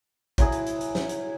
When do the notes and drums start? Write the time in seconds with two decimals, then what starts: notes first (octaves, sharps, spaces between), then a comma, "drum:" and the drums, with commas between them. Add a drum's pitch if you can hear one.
0.38 F#3 E4 G#4, drum: kick, hi-hat
0.52 drum: hi-hat
0.67 drum: hi-hat
0.81 drum: hi-hat
0.95 drum: snare
1.09 drum: hi-hat